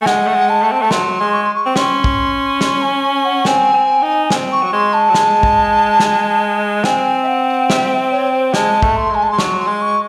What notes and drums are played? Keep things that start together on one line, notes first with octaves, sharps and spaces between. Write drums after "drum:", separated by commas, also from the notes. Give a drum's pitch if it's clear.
A3 G#5
G#3 F#5, drum: snare
A3
G#3
A5
A3
C4
A3 A5
F#3 C6, drum: snare
G#3
C#6
C6
C#6
C4
C#4 C6, drum: snare
drum: kick
C6, drum: snare
G#5
G#5
G#5
F#5
C4 G#5, drum: snare
C4
D#4
C4, drum: snare
C#6
F#3
G#3 C6
A5
F#3
G#3, drum: snare
drum: kick
drum: snare
C4 G#5, drum: snare
E5
F#5
E5, drum: snare
C#5
C5
G#3 A5, drum: snare
A3, drum: kick
C6
G#3 G#5
A5
G#3 C6
F#3 C#6, drum: snare
C6
G#3
C#6